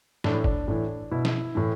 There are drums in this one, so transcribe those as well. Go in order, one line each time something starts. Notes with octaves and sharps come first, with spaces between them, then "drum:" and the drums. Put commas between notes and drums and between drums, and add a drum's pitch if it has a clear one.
A2 E3 D4, drum: snare
E4
D4, drum: kick G1
A2 E3
B2 E4
drum: snare
A2 E3